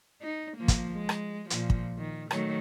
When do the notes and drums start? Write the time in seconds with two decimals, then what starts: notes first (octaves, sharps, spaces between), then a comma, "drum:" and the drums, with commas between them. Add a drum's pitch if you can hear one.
0.22 D#4
0.57 F3 A#3
0.68 drum: kick, hi-hat
0.92 G#3
1.09 drum: rim click
1.50 A#2 F3, drum: hi-hat
1.70 drum: kick
1.98 D#3
2.31 D#3 F#3 A3, drum: rim click